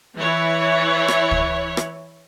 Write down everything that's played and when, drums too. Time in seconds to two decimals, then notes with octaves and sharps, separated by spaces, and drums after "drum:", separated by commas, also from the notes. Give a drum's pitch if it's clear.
0.17 E3 E4 C#5
1.08 drum: rim click
1.31 drum: kick
1.77 drum: rim click